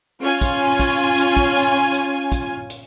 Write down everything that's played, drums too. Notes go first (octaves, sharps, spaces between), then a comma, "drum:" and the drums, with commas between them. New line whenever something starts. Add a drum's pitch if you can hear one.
C#4 F4 G#5
drum: kick, hi-hat
drum: kick, hi-hat
drum: hi-hat
drum: kick
drum: hi-hat
drum: hi-hat
drum: kick, hi-hat
drum: hi-hat